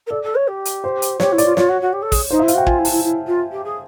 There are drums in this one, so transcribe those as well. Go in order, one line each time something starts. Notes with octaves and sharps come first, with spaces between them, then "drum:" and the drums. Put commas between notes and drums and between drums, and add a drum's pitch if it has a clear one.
A#4
A4 D5
A4
C#5
G4
drum: hi-hat
C5
drum: hi-hat
G4 C#5, drum: snare
E4
D5, drum: hi-hat
F4
F4 C#5, drum: snare
F#4
F#4
G4
A4
G#4, drum: kick, open hi-hat
D#4 C5
E4 E5
F5, drum: hi-hat
F#4 G5
F4 G#5, drum: kick
E4
A5, drum: open hi-hat
E4
E4
F4
G4
G#4